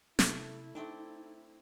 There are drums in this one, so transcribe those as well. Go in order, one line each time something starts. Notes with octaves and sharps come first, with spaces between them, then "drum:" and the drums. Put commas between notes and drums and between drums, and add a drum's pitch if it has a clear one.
C3 A3 E4, drum: snare
A3 C4 D4 D#4